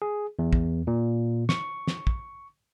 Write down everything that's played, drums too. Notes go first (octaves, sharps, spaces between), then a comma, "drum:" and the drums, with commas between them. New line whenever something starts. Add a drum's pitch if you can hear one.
G#4
E2
drum: kick
A#2
C#6, drum: snare
drum: snare
drum: kick